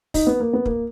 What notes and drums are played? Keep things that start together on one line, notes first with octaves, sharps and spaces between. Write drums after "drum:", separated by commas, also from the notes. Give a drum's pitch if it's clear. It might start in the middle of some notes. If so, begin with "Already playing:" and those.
D#4, drum: kick, open hi-hat
B3
A#3
B3
A#3, drum: kick